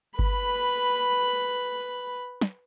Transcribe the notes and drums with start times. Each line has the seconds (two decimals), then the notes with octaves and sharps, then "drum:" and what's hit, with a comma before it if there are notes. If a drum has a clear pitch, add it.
0.19 B4 B5, drum: kick G1
2.41 drum: snare